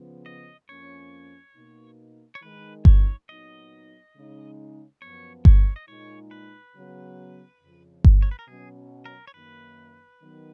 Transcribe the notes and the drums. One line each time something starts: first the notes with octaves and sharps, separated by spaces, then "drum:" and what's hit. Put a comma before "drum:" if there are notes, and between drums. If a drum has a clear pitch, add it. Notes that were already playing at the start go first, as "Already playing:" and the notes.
Already playing: C#3 F3 B3
D#5
F2 F3 A#3 C#4 C#5
B2 A#3 D#4
C#5
D#3 G#3 D#4 B4
C#5, drum: kick G1
A#2 F#3 B3 D#4 D#5
C#3 G#3 D#4
F#2 F3 B3 C#5
C#5, drum: kick G1
D#5
A#2 G#3 D#4 C#5
B4
C#3 F#3 B3
F2 C#3 F3
drum: kick G1
C#5
B4
A#4
B2 F#3 C#4 G#4
A#4
C#5
F#2 D#3 A#3 B4
D#3 F#3 B3